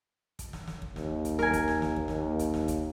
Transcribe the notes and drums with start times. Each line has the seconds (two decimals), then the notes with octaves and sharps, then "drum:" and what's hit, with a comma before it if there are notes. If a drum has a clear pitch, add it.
0.39 drum: kick, hi-hat
0.53 drum: snare
0.68 drum: snare
0.82 drum: kick
0.96 D#2, drum: snare
1.25 drum: kick, hi-hat
1.39 A#4 G#5, drum: snare
1.53 drum: kick, hi-hat
1.68 drum: snare
1.82 drum: snare
1.96 drum: kick
2.08 D#2, drum: snare
2.39 drum: kick, hi-hat
2.54 drum: snare
2.68 drum: kick, hi-hat